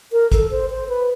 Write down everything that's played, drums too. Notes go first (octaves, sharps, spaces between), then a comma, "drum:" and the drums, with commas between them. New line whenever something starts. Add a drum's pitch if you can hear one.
A#4
A4, drum: kick, hi-hat
C5
C5
B4